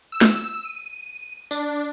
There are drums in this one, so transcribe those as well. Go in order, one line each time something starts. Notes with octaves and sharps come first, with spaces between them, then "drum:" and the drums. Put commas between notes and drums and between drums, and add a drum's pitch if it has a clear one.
E6
drum: snare
D#7
D4, drum: tambourine